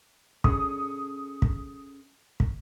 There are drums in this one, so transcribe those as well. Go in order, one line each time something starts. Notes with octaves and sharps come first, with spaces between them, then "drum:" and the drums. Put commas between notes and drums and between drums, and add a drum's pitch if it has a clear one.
C#4 G#4 A4 D#6, drum: kick
drum: kick
drum: kick